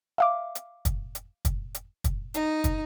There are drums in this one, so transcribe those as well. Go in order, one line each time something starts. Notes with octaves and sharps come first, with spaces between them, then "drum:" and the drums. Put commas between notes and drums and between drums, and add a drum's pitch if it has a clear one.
E5 F5 D6
drum: hi-hat
drum: kick, hi-hat
drum: hi-hat
drum: kick, hi-hat
drum: hi-hat
drum: kick, hi-hat
D#4, drum: hi-hat
drum: kick, hi-hat